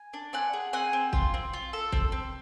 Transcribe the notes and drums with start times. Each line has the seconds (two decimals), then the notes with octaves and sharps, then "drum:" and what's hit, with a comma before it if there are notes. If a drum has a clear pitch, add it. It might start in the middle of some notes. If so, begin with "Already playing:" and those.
Already playing: G#5
0.13 D4
0.33 C4 F#5 G#5
0.53 G#4
0.73 C4 F#5 G#5
0.93 C4
1.13 F4, drum: kick
1.34 C4
1.53 F4
1.73 A4
1.92 C4, drum: kick
2.12 C4